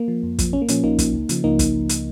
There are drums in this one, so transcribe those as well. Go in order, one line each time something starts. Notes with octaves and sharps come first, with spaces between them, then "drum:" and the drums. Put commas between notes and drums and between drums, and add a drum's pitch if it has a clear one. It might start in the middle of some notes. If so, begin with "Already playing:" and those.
Already playing: A#3
F3
F2
F3, drum: kick, hi-hat
A#1 C#4
A#3
A#2 F3 C#4, drum: hi-hat
A#1 A#3 D#4
A#2 F3, drum: kick, hi-hat
C#2
C#3 F3, drum: hi-hat
C#2 A#3 D#4
drum: kick, hi-hat
drum: hi-hat